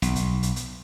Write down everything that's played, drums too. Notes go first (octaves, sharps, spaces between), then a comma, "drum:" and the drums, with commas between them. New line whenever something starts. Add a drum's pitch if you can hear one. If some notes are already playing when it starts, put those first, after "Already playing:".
B1, drum: hi-hat
drum: kick, hi-hat
drum: hi-hat
drum: hi-hat